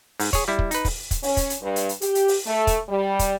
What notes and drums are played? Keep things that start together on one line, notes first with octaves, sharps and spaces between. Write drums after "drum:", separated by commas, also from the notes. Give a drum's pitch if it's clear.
G#2, drum: open hi-hat
G#4 C#5, drum: kick, hi-hat
G3 E4
drum: kick
D#4 B4, drum: hi-hat
drum: kick, open hi-hat
drum: kick, hi-hat
C#4, drum: open hi-hat
drum: kick, hi-hat
drum: hi-hat
G2
drum: hi-hat
drum: hi-hat
G4, drum: hi-hat
drum: hi-hat
drum: open hi-hat
A3
drum: kick, hi-hat
G3
drum: kick, hi-hat